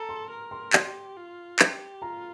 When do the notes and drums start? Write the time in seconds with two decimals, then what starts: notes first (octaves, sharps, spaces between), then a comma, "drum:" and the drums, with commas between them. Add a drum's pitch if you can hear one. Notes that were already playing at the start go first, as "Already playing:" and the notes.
Already playing: A4 A#5
0.09 C6
0.30 A#4
0.51 C6
0.73 G4 C6, drum: clap
1.17 F4
1.59 G4, drum: clap
2.02 F4 A#5